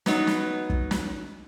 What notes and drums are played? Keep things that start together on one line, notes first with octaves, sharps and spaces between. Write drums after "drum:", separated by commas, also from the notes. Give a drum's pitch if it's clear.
F#3 B3 D#4, drum: snare
drum: snare
drum: kick
drum: snare